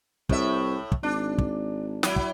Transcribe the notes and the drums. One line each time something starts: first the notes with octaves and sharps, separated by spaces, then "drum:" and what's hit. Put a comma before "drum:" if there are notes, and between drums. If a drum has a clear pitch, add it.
C2 A2 E5, drum: kick
drum: kick
G#1 D4
drum: kick
F#3 E4, drum: snare
drum: kick